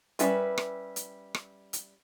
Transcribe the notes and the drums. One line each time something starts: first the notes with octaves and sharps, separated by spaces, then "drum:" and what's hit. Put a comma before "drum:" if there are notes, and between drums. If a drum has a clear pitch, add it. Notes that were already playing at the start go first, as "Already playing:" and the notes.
G3 C#4 E4 A#4 B4, drum: hi-hat
drum: rim click
drum: hi-hat
drum: rim click
drum: hi-hat